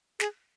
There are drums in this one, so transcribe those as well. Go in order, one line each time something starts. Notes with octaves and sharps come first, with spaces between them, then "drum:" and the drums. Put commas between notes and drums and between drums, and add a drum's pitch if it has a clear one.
G#4, drum: snare